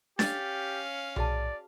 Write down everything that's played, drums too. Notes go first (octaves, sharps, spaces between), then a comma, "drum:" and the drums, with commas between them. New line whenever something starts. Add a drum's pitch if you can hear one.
C#4 G4 F5 A6, drum: snare D4
F#4 G#4 D5 A5, drum: tom B1